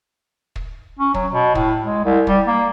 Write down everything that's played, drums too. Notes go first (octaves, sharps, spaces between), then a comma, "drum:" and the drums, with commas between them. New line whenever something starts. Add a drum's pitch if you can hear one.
drum: kick
C#4
F#3, drum: kick
B2
A2, drum: kick
G#3
C2
G3, drum: kick
A#3